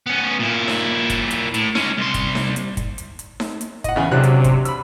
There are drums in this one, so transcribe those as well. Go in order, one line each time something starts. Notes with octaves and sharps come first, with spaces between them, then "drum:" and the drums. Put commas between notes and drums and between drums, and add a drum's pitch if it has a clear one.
B3 C#4
A#2 E4
drum: snare D#4
drum: kick, hi-hat
drum: hi-hat
A2, drum: hi-hat
G#3 C#4, drum: snare D#4
C2 C6
drum: kick, hi-hat
drum: snare D#4
drum: hi-hat
drum: kick, hi-hat
drum: hi-hat
drum: hi-hat
drum: snare D#4
drum: hi-hat
D#5 F#5, drum: kick, hi-hat
E2 C#3 G#5
C3 F#3 D4 F#6
drum: hi-hat
drum: kick, hi-hat
B5 E6, drum: hi-hat